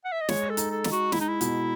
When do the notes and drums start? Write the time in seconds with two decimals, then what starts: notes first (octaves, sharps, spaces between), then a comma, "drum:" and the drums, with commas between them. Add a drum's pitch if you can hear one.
0.05 F#5
0.12 E5
0.21 D#5
0.29 G#3 C#5, drum: snare
0.50 A4
0.57 D#4, drum: hi-hat
0.71 A4
0.84 D#4, drum: snare
0.92 F#4
1.12 G#3 E4, drum: snare
1.21 D#4
1.28 E4
1.41 B2, drum: hi-hat